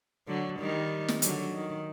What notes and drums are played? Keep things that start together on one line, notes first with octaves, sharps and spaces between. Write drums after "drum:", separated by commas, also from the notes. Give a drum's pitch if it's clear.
D3 F#3
D#3 G3
drum: snare
D3 F#3, drum: hi-hat
D#3